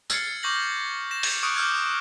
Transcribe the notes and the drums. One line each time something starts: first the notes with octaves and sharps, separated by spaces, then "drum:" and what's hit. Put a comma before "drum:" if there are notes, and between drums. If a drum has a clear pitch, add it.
E6 F6 G#6 A6 C7 C#7, drum: tambourine
C#6 D6 G6 A#6 F#7
A#6 E7
drum: open hi-hat
C#6 D#6 F6 F#6 C#7 D7
D6 E6 F6 G6 G#6